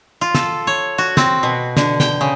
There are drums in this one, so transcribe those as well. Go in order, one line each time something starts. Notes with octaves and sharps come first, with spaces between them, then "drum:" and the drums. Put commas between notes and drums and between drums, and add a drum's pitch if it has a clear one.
F4
A4, drum: snare
C#5
F#4
C4, drum: snare
B2
D3, drum: snare
G5, drum: snare
C#3